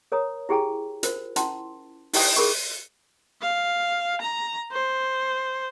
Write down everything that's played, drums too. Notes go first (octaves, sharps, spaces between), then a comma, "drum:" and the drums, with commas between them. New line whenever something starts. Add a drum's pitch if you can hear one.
A#4 C#5 A#5 D#6
E4 G4 G#4 G5 G#5 A#5
F4 A#4 C5, drum: hi-hat
C#4 E4 A5 C6, drum: hi-hat
D#4 E4 G4 G5 D#6, drum: open hi-hat
G#4 A#4 B5 C#6
F5
A#5
C5